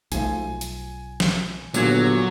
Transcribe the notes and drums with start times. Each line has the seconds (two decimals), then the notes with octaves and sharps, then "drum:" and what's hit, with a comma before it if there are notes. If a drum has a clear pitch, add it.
0.12 B1 F3 A3 G#5, drum: hi-hat
0.61 drum: hi-hat
1.20 drum: snare
1.74 G1 A#2 F#3 G#6, drum: tambourine